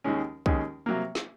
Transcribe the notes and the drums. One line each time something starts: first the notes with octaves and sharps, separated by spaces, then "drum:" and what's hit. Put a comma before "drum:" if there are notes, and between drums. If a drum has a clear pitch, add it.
D#2 D#3 G#3 C#4
D#2 D#3 G#3 C#4, drum: kick
C3 F#3 A#3
drum: snare